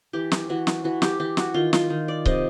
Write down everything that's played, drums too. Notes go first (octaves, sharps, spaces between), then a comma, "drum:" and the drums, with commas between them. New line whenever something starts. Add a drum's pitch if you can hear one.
E3 G4
drum: snare
E3 F#4
drum: snare
E3 F#4
G4, drum: snare
E3 G4
F#4, drum: snare
D#3 F4
F4, drum: snare
D#3
D5
C3 D#5, drum: kick C#1